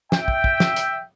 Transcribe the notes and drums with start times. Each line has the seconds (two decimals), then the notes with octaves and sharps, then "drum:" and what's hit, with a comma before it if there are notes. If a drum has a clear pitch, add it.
0.12 E5 G5, drum: snare
0.28 drum: kick
0.44 drum: kick
0.60 drum: snare
0.76 drum: hi-hat